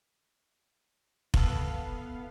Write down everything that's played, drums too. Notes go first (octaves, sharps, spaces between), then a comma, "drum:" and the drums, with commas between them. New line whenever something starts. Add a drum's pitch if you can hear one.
B3 E4 A4 F5, drum: kick F1